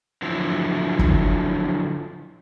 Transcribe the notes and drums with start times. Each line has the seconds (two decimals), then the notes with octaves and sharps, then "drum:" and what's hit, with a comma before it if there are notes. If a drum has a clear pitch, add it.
0.22 D3 F3 F#3 E4
0.99 drum: kick